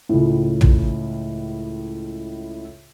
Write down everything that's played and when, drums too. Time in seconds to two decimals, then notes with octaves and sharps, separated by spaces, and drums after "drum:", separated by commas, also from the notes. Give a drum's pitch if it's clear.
0.09 C#2 A2
0.61 drum: tom